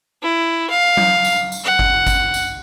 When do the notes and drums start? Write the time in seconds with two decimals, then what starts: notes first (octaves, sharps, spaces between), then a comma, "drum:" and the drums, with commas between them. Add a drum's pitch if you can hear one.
0.23 E4
0.70 F5
0.97 drum: tom F#3
1.25 drum: tambourine
1.52 drum: tambourine
1.64 F#5
1.79 drum: kick G1
2.07 drum: kick G1, tambourine
2.34 drum: tambourine